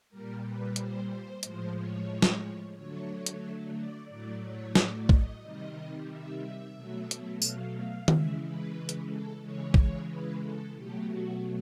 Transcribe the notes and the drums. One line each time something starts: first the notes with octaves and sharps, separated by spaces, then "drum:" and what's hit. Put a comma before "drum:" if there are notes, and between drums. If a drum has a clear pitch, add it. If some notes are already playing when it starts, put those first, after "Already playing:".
A#2 G3 A#4
B4
C5, drum: hi-hat
C5
A2 F3 G#3 C5, drum: hi-hat
C#5
drum: snare
D3 F#3 A3 C#5
drum: hi-hat
D5
A2 F#3 A3 D5
C#5
D5, drum: snare
D#5, drum: kick
C3 D#3 G3 D#5
E5
E5
B2 F#3 A3
drum: hi-hat
F5, drum: tambourine
F5
C#3 E3 G#3 E5, drum: tom D#3
B4
drum: hi-hat
A4
C#3 E3 G#3 C#5
C#5, drum: kick
B4
A4
B2 F#3 A3 G4
F#4